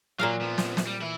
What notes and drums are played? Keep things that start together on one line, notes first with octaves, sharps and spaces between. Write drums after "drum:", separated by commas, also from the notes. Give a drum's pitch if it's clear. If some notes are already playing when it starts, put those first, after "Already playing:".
A#2 F#3 A#4 F5
F3 B3
drum: snare
drum: snare
G3
E3 E4